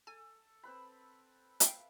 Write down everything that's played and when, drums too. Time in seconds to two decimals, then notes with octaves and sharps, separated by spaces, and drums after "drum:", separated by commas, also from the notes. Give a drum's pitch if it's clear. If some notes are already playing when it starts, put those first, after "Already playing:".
0.07 A4 G#5
0.63 C4 B4 B5
1.60 E5 F5 G5, drum: hi-hat